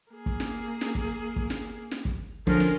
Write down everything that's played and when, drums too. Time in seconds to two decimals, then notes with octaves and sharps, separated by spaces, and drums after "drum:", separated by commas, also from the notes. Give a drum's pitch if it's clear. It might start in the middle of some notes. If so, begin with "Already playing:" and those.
0.12 A#3 G#4
0.26 drum: kick
0.40 drum: snare
0.81 drum: snare
0.95 drum: kick
1.36 drum: kick
1.50 drum: snare
1.91 drum: snare
2.05 drum: kick
2.47 D3 F3 C#4 F4 A#4, drum: kick
2.60 drum: snare